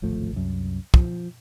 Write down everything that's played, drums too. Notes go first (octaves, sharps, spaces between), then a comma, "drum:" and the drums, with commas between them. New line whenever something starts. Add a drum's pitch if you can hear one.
D1 G#1 F3 A3
C2 F#2
F3, drum: kick